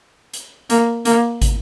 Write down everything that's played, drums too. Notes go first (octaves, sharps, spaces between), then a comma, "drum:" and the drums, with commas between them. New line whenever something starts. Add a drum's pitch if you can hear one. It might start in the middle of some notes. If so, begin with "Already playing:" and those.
drum: hi-hat
A#3, drum: hi-hat
A#3, drum: hi-hat
drum: kick, hi-hat